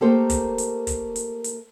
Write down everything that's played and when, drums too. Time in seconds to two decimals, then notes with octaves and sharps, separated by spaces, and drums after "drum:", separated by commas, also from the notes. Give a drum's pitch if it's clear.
0.01 A3 A#3 G4 A4 A#4 C5
0.30 drum: kick, hi-hat
0.58 drum: hi-hat
0.87 drum: kick, hi-hat
1.16 drum: hi-hat
1.44 drum: hi-hat